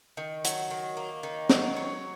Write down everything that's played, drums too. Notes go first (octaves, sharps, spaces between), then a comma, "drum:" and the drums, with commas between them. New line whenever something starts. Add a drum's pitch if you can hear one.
D#3
F#3, drum: hi-hat
D#3
A#3
D#3
F#3, drum: snare
C#5